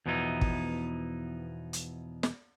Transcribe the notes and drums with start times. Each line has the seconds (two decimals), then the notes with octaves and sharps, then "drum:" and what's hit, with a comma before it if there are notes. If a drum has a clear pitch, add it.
0.06 E2 B2 F3 B3 D#4 E4
0.41 drum: kick
1.73 drum: hi-hat
2.23 drum: snare